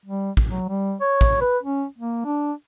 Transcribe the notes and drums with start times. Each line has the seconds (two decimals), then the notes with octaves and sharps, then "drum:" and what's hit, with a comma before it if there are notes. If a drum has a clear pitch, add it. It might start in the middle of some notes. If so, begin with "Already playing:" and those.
0.06 G3
0.37 drum: kick
0.47 F#3
0.68 G3
1.01 C#5
1.21 drum: kick
1.41 B4
1.63 C#4
1.98 A#3
2.25 D4